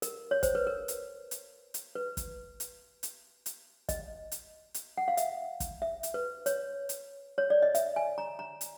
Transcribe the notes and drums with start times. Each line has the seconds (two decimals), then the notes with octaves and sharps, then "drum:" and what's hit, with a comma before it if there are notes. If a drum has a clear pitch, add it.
0.02 A#4, drum: hi-hat
0.31 C#5
0.43 C5, drum: kick, hi-hat
0.55 B4
0.67 A#4
0.88 drum: hi-hat
1.31 drum: hi-hat
1.74 drum: hi-hat
1.95 B4
2.17 drum: kick, hi-hat
2.60 drum: hi-hat
3.03 drum: hi-hat
3.46 drum: hi-hat
3.89 D#5, drum: kick, hi-hat
4.32 drum: hi-hat
4.74 drum: hi-hat
4.98 F#5
5.08 F5
5.17 E5, drum: hi-hat
5.60 drum: kick, hi-hat
5.82 E5
6.03 drum: hi-hat
6.14 B4
6.46 C#5, drum: hi-hat
6.89 drum: hi-hat
7.38 C#5
7.50 D5
7.62 D#5
7.75 E5, drum: hi-hat
7.96 G#5
8.18 A#5
8.39 A#5
8.61 drum: hi-hat